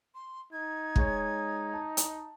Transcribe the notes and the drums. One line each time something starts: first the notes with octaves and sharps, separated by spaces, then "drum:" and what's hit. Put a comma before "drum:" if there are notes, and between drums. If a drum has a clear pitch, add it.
C6
D#4 G#6
G#3 C#5, drum: kick
A5
drum: hi-hat